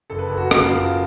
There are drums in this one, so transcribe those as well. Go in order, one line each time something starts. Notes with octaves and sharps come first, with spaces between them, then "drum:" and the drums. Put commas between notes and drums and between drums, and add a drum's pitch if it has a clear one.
F#1 A4
B4
F#1 A4
F#4
C#3, drum: rim click
F4
F#1